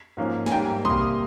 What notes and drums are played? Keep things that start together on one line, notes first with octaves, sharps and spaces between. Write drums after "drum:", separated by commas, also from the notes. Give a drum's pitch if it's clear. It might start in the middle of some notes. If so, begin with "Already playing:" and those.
G#2 F3 A#3 C#4
G#5, drum: snare
G#2 G3 A#3 G5
C3 G3 A#3 C6 D#6, drum: kick